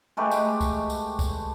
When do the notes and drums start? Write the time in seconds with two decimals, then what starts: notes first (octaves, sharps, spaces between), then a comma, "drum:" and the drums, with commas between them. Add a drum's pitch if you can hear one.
0.17 G#3 A3 G4 B4
0.31 drum: tambourine
0.61 drum: kick C#2, tambourine
0.90 drum: tambourine
1.19 drum: kick C#2, tambourine